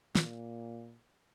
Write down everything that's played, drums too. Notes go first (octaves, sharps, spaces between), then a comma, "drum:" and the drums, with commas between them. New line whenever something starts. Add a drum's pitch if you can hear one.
A#2, drum: snare